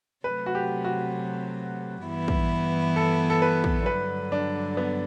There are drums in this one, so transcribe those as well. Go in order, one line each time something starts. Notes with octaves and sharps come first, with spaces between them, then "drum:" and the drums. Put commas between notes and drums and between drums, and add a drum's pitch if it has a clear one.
C3 F#3 A3 B4
F#4
G4
F#4
G2 E3 B3 E4
drum: kick
A4
A4
B4
drum: kick
G2 D3 F#3 B4
D4
B3